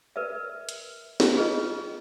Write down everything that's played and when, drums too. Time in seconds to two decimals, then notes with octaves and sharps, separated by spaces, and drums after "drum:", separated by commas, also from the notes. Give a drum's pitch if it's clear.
0.16 A#4 B4 D5 E5
0.69 drum: hi-hat
1.20 drum: snare
1.36 F4 G#4 B4 D#5